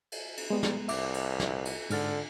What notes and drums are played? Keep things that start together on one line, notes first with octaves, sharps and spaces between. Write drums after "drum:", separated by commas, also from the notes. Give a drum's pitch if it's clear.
drum: cymbal
drum: cymbal
G3 G#3 B3
drum: snare
C2 E5 D6, drum: cymbal
drum: cymbal
drum: snare
drum: cymbal
G#2 D3 F6 A6, drum: cymbal